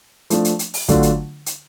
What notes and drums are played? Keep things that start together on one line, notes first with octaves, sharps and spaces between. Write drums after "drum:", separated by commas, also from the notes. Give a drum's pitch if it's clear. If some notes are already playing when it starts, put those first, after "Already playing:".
F3 A3 D4, drum: hi-hat
drum: hi-hat
drum: hi-hat
drum: open hi-hat
D3 F#3 A3 D4 F4, drum: kick, hi-hat
drum: hi-hat
drum: hi-hat